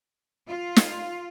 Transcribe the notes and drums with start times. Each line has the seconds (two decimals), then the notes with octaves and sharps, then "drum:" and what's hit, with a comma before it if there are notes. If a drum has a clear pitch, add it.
0.48 F4
0.76 drum: snare